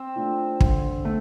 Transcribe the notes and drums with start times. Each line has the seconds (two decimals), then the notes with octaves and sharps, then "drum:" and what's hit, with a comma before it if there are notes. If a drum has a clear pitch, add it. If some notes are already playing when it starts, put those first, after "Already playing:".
Already playing: C4
0.16 A3 D4 F4
0.61 D3, drum: kick
1.05 A3